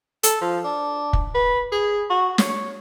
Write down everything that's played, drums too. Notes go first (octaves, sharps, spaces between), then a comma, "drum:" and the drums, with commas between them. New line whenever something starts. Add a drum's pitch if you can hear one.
A4, drum: hi-hat
F3
D4
drum: kick
B4
G#4
F#4
C#5, drum: snare